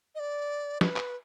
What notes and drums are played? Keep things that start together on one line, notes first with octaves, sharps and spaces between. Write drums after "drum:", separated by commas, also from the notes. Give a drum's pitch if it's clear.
D#5
D5
B4, drum: snare
drum: clap